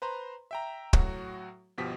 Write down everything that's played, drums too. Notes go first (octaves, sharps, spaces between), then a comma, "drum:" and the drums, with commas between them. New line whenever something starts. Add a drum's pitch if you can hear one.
B4 C5 A#5 C6
E5 G5 A#5
A2 F#3 F#4, drum: kick
G1 B2 F3 G4 B6